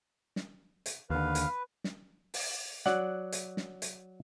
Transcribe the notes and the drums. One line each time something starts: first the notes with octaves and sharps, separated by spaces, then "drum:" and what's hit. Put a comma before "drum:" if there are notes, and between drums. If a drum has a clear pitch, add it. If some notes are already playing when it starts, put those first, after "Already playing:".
drum: snare
drum: hi-hat
D#2 D3 B4 F5
drum: hi-hat
drum: snare
drum: open hi-hat
F#3 D5 F#5, drum: snare
drum: hi-hat
drum: snare
drum: hi-hat